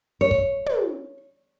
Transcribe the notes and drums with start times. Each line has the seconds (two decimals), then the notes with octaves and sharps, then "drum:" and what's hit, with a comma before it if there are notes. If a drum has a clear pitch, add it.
0.21 C#5
0.31 drum: kick
0.66 drum: tom